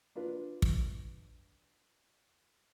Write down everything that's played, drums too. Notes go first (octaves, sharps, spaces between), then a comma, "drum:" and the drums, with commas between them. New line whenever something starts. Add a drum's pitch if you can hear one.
D4 F4 B4
drum: kick